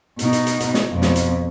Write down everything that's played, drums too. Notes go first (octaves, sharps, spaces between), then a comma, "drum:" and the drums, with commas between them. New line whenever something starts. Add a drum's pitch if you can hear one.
B2 D#4, drum: hi-hat
drum: hi-hat
drum: hi-hat
drum: hi-hat
drum: snare
F2 B2
drum: snare
drum: hi-hat